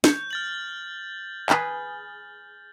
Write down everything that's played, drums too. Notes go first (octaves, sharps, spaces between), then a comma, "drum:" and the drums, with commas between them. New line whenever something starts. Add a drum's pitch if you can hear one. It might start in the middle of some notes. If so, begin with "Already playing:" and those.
C#5 G6, drum: snare
F6 A6 F#7
G#4 B4, drum: clap